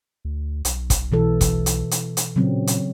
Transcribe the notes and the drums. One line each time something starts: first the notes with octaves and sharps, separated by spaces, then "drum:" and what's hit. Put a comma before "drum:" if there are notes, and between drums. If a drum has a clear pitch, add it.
D2
B1, drum: hi-hat
drum: kick, hi-hat
B2 E3 A4
drum: kick, hi-hat
drum: hi-hat
drum: hi-hat
drum: hi-hat
A#2 C#3 F#3 C4
drum: hi-hat